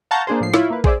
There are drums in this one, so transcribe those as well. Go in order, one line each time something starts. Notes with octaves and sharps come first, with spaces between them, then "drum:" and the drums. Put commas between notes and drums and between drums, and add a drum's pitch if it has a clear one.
F5 F#5 A5 A#5 C#6 G6
A#3 D4 G#4 C5
A2 F3 C7
E4 F4 C#5, drum: rim click
A#3 B4
G#4 C5 D5 E5, drum: kick